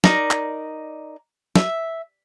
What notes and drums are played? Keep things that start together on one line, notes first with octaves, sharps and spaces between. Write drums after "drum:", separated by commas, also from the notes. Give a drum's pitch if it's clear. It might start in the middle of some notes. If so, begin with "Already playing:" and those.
D#4 A#4 D5 A#5, drum: snare
drum: clap
E5, drum: snare